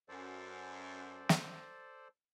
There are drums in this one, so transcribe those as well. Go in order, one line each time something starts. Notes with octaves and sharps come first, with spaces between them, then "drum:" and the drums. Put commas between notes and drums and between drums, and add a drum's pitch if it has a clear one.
F#2 A4 C5 D5
drum: snare